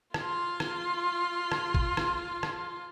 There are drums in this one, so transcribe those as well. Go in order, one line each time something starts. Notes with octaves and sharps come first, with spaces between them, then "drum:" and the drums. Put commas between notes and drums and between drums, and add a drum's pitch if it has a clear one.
F4 C6, drum: rim click
drum: rim click
drum: rim click
drum: kick G#1
drum: rim click
drum: rim click